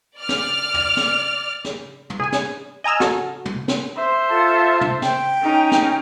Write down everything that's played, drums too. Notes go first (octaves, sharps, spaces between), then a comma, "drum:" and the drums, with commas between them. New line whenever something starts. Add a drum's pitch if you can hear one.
D5 F6
drum: snare
drum: tom
drum: snare
drum: snare
drum: tom
G#4 G#5
drum: snare
D#5 G#5 A#5 E6 F6
F#4 A4, drum: snare
drum: tom
drum: snare
C5 E5
F4 A4 A5
drum: tom
G5, drum: snare
C#4 D#4
drum: snare